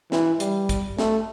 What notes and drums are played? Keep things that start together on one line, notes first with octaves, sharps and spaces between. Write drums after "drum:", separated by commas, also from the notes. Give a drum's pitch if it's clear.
E3, drum: snare
G3, drum: hi-hat
drum: kick, hi-hat
A3, drum: snare